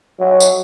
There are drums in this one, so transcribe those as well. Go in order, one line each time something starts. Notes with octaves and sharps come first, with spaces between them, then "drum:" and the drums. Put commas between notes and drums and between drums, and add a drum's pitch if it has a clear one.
F#3
drum: tambourine